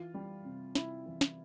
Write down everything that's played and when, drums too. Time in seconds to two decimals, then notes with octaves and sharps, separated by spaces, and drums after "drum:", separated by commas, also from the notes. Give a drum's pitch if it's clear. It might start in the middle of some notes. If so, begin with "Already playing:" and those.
Already playing: E3 F4
0.14 G3
0.45 C3
0.75 C3 E4, drum: snare
1.06 E3
1.21 drum: snare